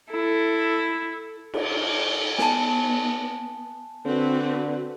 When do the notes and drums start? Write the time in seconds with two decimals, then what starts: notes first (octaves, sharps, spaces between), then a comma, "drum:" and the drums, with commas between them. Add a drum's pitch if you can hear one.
0.12 E4 A4
1.54 drum: cymbal
2.38 B3 G#5 A5, drum: snare
4.06 D3 C4 F#4 B4